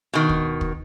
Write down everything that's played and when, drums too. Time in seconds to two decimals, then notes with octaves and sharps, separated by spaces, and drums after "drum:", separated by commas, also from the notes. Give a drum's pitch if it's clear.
0.13 B2 D#3
0.29 drum: kick
0.61 drum: kick